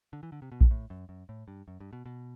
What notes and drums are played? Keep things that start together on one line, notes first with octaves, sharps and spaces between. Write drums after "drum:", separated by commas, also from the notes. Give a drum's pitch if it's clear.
D3
E3
D3
C3
B2
drum: kick A#1
A2
F#2
F#2
A2
G2
F#2
G2
B2
B2